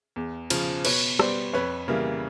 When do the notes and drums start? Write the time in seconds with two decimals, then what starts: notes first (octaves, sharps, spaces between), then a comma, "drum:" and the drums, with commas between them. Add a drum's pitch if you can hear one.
0.16 E2
0.50 C#3 F3, drum: cymbal
0.85 B2 B4 C#5, drum: cymbal
1.19 G3 B3 C5 D5, drum: rim click
1.53 F2 B4 C#5
1.88 C#3 E3 G3 A#3